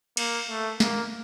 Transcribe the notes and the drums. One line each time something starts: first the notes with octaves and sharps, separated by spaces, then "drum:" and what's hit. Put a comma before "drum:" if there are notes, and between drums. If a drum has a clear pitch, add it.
A#3, drum: cymbal
A3
A#3, drum: snare